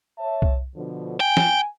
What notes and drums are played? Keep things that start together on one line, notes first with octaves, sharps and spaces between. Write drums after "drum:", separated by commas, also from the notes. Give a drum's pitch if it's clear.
C#5 E5 A5
drum: kick C2
B2 D3 F3
G5 G#5
drum: snare